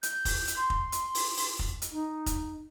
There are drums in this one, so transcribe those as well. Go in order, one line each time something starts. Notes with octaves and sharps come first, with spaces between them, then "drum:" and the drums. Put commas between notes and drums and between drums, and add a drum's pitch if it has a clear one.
G6, drum: hi-hat
drum: kick F1, open hi-hat
drum: hi-hat
C6
drum: kick F1
drum: hi-hat
drum: open hi-hat
drum: open hi-hat
drum: kick F1
drum: hi-hat
D#4
drum: kick F1, hi-hat